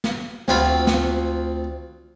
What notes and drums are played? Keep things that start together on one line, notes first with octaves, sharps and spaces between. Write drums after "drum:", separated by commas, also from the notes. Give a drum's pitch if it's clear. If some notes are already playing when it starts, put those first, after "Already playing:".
drum: snare
D2 C4 F4 B5, drum: snare
drum: snare